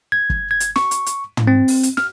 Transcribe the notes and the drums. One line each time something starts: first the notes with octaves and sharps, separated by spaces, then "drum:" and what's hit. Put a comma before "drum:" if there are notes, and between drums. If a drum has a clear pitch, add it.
G#6
drum: kick
G#6
drum: hi-hat
C#6, drum: snare
drum: hi-hat
drum: hi-hat
drum: tom
C4
drum: open hi-hat
drum: hi-hat
F6, drum: snare